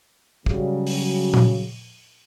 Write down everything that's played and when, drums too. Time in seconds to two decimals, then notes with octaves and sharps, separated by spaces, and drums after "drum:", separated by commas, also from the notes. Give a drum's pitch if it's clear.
0.46 C#3 F#3 G3, drum: kick
0.87 drum: open hi-hat
1.34 drum: tom A#2